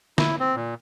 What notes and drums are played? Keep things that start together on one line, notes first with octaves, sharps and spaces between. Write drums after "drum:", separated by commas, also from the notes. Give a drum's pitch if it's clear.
E4, drum: snare
C4
A#2